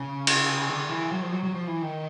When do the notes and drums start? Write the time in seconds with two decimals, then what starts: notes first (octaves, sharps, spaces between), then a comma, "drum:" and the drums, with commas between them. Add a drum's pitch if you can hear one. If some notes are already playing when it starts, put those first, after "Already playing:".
Already playing: C#3
0.27 drum: cymbal
0.69 D3
0.89 E3
1.12 F#3
1.22 F3
1.32 F#3
1.43 F#3
1.54 F3
1.67 E3
1.82 D#3